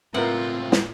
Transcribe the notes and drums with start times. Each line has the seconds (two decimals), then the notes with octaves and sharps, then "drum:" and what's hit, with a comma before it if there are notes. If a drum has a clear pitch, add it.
0.14 C#2 A2 C4 F4 A#4 B4 F#5
0.72 drum: snare